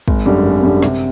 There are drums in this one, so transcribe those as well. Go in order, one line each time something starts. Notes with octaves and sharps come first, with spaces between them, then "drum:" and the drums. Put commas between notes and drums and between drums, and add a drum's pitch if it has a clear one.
G#1, drum: kick
F#2 D3 G3
G#1
F#2 D3 G3
C3, drum: snare